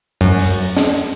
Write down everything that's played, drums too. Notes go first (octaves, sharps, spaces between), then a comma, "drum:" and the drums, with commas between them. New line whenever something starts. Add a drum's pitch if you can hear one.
F#2
drum: open hi-hat
drum: snare